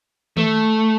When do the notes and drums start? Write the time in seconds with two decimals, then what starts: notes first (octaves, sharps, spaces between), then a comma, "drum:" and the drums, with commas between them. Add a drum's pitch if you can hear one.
0.37 A3, drum: tom D#3